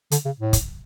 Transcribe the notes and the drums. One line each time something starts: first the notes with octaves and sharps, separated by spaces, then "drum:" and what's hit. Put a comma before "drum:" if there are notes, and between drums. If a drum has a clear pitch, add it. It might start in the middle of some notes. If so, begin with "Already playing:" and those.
D3, drum: hi-hat
C#3
A2
drum: kick, hi-hat